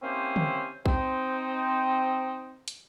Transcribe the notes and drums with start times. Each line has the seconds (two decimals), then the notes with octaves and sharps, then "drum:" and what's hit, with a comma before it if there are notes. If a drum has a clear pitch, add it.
0.02 A#3 C4 C#4 E4 G4 C5
0.36 drum: tom
0.86 C4 D#4, drum: kick
2.68 drum: hi-hat